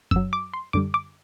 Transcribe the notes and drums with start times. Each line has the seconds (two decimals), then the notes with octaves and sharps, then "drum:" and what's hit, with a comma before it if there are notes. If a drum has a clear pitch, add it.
0.11 F#2 F#3 E6, drum: kick F1
0.33 D6
0.54 C6
0.73 F#2 D3 G3 D6
0.94 D6